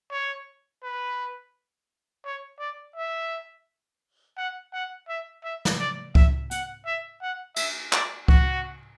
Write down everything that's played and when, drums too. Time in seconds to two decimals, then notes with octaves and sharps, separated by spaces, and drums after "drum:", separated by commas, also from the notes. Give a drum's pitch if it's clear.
0.11 C#5
0.83 B4
2.25 C#5
2.60 D5
2.96 E5
4.37 F#5
4.73 F#5
5.09 E5
5.44 E5
5.65 drum: snare
5.79 D5
6.15 E5, drum: kick C#2
6.51 F#5, drum: hi-hat
6.86 E5
7.22 F#5
7.56 E5, drum: cymbal
7.93 D5, drum: clap
8.28 F#4, drum: kick C#2